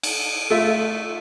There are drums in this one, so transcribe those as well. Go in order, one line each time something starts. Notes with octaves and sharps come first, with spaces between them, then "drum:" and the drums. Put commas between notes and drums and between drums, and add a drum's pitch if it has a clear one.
drum: cymbal
A3 F4 E5